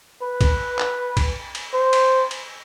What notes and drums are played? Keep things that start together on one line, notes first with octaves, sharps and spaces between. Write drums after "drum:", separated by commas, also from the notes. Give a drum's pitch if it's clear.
B4
drum: kick, cymbal
drum: clap
drum: kick, cymbal
drum: cymbal
C5
drum: cymbal
drum: cymbal